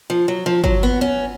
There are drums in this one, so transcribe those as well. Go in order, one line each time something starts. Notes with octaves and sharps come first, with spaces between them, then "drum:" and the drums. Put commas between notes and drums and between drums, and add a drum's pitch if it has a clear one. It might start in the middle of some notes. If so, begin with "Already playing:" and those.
F3
F#3
F3
F#3, drum: kick
B3
C#4